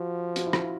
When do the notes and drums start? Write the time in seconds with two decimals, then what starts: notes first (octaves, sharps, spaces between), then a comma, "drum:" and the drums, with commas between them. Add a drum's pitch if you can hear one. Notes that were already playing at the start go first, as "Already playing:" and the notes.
Already playing: F3 F#4
0.36 F#4, drum: hi-hat
0.46 E4
0.53 F4, drum: rim click